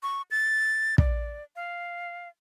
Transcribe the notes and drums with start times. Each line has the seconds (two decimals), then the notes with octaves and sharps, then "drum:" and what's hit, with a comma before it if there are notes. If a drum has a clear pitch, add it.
0.03 C#6
0.31 A6
0.98 D5, drum: kick
1.56 F5